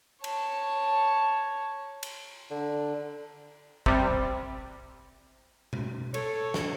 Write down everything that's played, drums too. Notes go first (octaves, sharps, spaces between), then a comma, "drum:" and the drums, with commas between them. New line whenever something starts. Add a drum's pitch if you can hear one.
C#5 A5, drum: cymbal
drum: cymbal
D3
C3 G3, drum: kick
drum: tom B2
A4 C#5, drum: cymbal
drum: snare